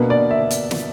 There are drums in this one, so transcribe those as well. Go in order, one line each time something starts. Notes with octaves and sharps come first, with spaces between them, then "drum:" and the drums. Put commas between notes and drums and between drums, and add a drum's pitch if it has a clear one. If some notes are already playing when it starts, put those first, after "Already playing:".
Already playing: B2 A#3 D4 B4
D5
E5
drum: hi-hat
drum: snare